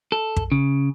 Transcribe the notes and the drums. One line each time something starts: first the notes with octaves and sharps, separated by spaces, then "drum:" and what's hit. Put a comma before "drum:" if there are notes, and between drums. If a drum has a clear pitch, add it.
A4
drum: kick
C#3